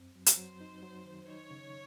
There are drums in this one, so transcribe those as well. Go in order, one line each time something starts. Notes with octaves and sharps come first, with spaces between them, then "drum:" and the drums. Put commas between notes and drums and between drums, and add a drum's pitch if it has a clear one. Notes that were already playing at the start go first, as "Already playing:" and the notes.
Already playing: F#2 C4
F#3
C5, drum: hi-hat
F#3
D#4
F#3
D#3
D#4 C#5
C#3